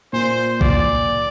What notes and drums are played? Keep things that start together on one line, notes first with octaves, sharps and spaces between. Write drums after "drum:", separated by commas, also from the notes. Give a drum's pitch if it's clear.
A#2 C5
D5, drum: kick